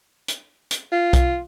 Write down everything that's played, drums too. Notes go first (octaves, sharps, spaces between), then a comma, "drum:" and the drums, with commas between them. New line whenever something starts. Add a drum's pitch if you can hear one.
drum: hi-hat
drum: hi-hat
F4
drum: kick B1, hi-hat